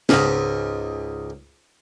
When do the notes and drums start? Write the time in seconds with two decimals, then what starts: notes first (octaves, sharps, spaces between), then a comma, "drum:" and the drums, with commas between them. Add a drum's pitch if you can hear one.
0.09 C#2 G#2, drum: snare